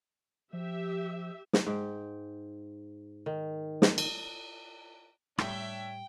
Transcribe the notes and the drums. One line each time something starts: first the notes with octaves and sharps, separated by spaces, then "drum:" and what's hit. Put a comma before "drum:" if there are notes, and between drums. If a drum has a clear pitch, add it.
F3 G4 E5
drum: snare
G#2 G5
D#3
drum: snare
drum: cymbal
A2 G3 D4 C#5 E5 G5, drum: rim click